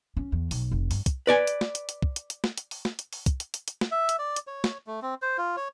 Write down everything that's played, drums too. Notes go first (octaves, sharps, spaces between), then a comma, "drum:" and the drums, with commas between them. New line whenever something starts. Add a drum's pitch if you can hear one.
C#4
E2
B1, drum: open hi-hat
F1
G2, drum: open hi-hat
drum: kick, hi-hat
B4 D5 G#5
drum: hi-hat
drum: snare
drum: hi-hat
drum: hi-hat
drum: kick
drum: hi-hat
drum: hi-hat
drum: snare
drum: hi-hat
drum: open hi-hat
drum: snare
drum: hi-hat
drum: open hi-hat
drum: kick, hi-hat
drum: hi-hat
drum: hi-hat
drum: hi-hat
drum: snare
E5
drum: hi-hat
D5
drum: hi-hat
C#5
drum: snare
A3
C4
C5
F4
C#5